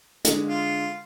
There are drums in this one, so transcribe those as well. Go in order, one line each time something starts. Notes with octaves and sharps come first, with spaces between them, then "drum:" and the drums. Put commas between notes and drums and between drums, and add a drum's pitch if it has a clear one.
D3 G#3, drum: hi-hat
F4